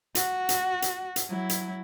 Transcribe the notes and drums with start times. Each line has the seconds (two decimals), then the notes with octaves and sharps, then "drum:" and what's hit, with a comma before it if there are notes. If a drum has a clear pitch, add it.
0.15 F#4, drum: hi-hat
0.49 drum: hi-hat
0.82 drum: hi-hat
1.16 drum: hi-hat
1.29 F#3 E4
1.49 drum: hi-hat